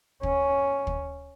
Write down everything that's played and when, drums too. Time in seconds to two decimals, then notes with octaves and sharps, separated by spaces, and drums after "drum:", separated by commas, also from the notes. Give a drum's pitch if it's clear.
0.23 C#4, drum: kick
0.87 drum: kick